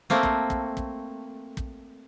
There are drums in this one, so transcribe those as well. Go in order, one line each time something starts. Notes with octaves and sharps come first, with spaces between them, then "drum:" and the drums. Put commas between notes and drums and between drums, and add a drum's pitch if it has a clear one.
A3 A#3 C4
drum: kick
drum: kick
drum: kick
drum: kick